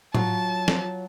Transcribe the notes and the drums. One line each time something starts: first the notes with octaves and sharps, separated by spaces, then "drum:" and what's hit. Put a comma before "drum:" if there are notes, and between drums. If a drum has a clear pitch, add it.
F#3 F4 C#5 A5, drum: tom A2
drum: snare